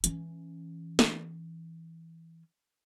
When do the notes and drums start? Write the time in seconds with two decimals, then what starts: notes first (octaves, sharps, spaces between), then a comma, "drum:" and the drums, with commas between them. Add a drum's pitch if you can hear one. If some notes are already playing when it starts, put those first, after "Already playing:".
0.04 E3 C#4, drum: hi-hat
0.99 drum: snare